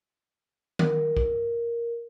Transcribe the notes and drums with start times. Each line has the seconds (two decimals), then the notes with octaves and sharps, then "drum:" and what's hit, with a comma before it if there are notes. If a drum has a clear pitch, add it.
0.79 A#4, drum: tom D#3
1.17 drum: kick